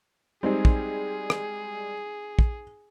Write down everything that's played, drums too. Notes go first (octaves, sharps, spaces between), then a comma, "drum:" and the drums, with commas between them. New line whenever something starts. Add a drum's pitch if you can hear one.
G3 G#3 C4 D#4 G#4
drum: kick
drum: rim click
drum: kick